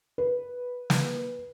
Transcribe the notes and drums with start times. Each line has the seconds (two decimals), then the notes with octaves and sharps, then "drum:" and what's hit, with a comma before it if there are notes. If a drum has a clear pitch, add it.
0.18 B4
0.90 drum: snare